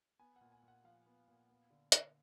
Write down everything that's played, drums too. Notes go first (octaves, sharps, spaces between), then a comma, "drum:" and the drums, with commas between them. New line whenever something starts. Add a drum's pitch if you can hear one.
B3 G#5
A#2 F#5
G#5
A#2
F#5
F3 F5
B3
A#2
B3
D3
D3, drum: hi-hat